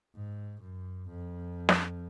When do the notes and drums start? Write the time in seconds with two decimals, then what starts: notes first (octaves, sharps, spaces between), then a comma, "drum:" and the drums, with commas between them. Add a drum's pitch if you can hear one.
0.15 G#2
0.61 F#2
1.08 F2
1.69 drum: snare